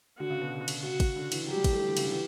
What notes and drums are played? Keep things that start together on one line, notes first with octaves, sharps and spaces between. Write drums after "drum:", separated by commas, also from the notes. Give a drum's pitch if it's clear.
D3 F#4
C#3
B2
drum: cymbal
C#3 F#4
drum: kick G#1, cymbal
D3
E3, drum: cymbal
F#3 G4
G3
E3, drum: kick G#1, cymbal
A3
E3
D3
C#3, drum: cymbal
D3
E3